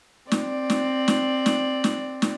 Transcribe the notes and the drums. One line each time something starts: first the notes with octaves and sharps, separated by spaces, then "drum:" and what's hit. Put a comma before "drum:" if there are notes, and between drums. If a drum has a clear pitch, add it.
C4 D5, drum: snare
drum: snare
drum: snare
drum: snare
drum: snare
drum: snare